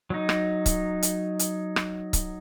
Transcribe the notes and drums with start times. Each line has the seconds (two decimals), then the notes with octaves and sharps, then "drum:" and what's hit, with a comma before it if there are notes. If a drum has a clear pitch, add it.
0.10 F#3 D#4
0.29 drum: rim click
0.66 drum: kick C#1, hi-hat
1.03 drum: hi-hat
1.39 drum: hi-hat
1.76 drum: rim click
2.13 drum: kick C#1, hi-hat